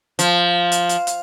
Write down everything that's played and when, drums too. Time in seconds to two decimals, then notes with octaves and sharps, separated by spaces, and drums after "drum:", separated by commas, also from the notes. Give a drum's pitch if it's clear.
0.19 F3, drum: hi-hat
0.72 drum: hi-hat
0.89 drum: hi-hat
1.07 drum: hi-hat